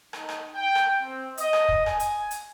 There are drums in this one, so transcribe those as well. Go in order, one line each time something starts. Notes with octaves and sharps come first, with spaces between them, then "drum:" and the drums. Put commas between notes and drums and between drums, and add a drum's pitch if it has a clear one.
D#4, drum: rim click
drum: rim click
G5
drum: rim click
C4
D#5, drum: hi-hat
drum: rim click
drum: kick
G#5, drum: rim click
drum: hi-hat
drum: hi-hat